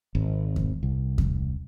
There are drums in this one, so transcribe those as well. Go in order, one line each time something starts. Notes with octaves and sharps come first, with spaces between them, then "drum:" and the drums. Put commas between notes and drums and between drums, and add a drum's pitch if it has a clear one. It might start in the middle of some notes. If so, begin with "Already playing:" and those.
G#1
drum: kick E2
C2
drum: kick E2